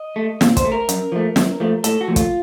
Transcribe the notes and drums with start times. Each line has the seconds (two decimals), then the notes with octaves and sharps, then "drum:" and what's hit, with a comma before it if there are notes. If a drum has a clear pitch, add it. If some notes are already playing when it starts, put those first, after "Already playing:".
Already playing: D#5
0.16 A3
0.41 A#2, drum: snare
0.57 C5, drum: kick, hi-hat
0.64 A3
0.72 A#4
0.89 F#2, drum: hi-hat
1.12 F3 A3
1.36 F#2, drum: snare
1.60 F3 A3
1.84 A2 A4, drum: hi-hat
2.01 F#4
2.08 F3 A3
2.16 F4, drum: kick, hi-hat